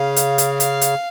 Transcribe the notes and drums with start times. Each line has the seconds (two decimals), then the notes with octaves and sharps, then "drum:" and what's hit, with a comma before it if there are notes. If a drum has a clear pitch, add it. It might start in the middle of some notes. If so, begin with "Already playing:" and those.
Already playing: C#3 F5
0.16 drum: hi-hat
0.38 drum: hi-hat
0.60 F5, drum: hi-hat
0.81 drum: hi-hat